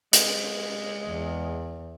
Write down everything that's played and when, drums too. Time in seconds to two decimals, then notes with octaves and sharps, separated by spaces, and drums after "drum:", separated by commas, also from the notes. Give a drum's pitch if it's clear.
0.13 G#3, drum: hi-hat
1.08 E2